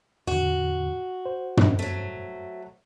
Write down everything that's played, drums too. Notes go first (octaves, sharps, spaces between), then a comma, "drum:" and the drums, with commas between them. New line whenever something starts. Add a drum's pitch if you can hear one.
E2 A2 D3 F#4
C5
drum: tom
F#3 A3